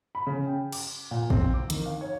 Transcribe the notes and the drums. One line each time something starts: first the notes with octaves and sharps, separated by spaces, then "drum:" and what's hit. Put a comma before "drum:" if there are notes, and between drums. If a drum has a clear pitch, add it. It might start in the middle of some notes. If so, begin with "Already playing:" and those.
B5
C#3
G5
D6, drum: cymbal
A#2
C4, drum: kick
D6
D#3, drum: hi-hat
F5
C#5